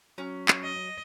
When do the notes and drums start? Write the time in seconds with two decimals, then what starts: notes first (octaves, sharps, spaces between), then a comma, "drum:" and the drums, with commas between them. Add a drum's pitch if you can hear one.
0.18 F#3 C#4
0.48 drum: clap
0.63 D#5